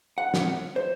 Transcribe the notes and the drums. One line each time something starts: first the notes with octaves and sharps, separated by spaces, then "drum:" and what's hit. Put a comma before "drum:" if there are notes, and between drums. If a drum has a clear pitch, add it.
F#5
drum: snare
C5